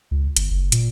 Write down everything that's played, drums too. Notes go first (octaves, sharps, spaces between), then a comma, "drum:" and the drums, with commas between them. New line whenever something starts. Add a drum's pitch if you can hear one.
C#2
G1, drum: hi-hat
F#1
A#2, drum: hi-hat